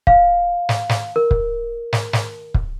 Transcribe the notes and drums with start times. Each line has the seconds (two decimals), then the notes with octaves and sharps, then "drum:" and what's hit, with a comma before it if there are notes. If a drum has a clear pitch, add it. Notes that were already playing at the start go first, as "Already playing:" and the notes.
0.07 F5, drum: kick
0.69 drum: snare
0.89 drum: snare
1.16 A#4
1.31 drum: kick
1.93 drum: snare
2.13 drum: snare
2.54 drum: kick